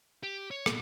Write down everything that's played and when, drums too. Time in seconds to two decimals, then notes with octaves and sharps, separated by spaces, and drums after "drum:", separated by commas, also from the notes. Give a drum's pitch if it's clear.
0.23 G4
0.51 C#5
0.66 A#2 B3, drum: rim click